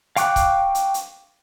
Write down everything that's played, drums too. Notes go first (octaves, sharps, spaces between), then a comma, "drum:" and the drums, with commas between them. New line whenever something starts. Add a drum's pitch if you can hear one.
F5 G5 C#6 D6 F#6, drum: hi-hat
drum: kick C#1, hi-hat
drum: hi-hat
drum: hi-hat